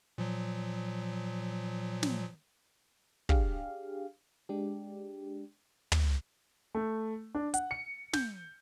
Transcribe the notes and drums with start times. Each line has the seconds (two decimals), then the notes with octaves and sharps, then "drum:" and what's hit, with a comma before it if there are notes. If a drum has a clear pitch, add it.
0.18 A#2 F3 F#3
2.03 drum: snare
3.29 D4 G4 G#4 F5, drum: kick
4.49 G#3 D4 G4
5.92 drum: tom
6.75 A3
7.35 D4
7.54 F#5, drum: hi-hat
7.71 C#7
8.13 G6, drum: snare